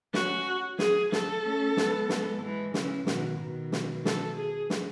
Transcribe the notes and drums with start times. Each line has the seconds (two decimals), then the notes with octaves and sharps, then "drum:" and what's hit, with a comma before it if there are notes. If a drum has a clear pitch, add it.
0.14 A3 C#4 F#4, drum: snare
0.79 G#4, drum: snare
1.12 A4, drum: snare
1.44 A3 C#4
1.77 G#3 B3, drum: snare
2.09 G#3 B3, drum: snare
2.42 E3 G#3
2.74 C#3 E3, drum: snare
3.07 B2 D#3, drum: snare
3.40 B2 D#3
3.72 drum: snare
4.05 A4, drum: snare
4.37 G#4
4.70 drum: snare